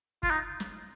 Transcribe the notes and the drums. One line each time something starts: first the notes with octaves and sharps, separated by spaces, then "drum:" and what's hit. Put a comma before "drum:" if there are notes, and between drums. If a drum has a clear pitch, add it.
F4, drum: kick G1
D#4
drum: snare